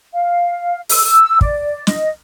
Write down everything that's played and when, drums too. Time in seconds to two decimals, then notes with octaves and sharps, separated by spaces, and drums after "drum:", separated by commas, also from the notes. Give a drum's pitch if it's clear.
0.14 F5
0.89 E6, drum: open hi-hat
1.41 D5, drum: kick
1.87 D#5, drum: snare